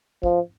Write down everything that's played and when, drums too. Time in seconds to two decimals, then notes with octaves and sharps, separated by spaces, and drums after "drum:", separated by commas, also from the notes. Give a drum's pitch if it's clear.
0.23 F3, drum: kick